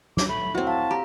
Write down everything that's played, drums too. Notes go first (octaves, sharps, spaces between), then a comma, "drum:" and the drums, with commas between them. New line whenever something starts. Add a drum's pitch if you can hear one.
D6, drum: snare
A3 B5
F#3 C4 E4
F5 A5
G4 A#5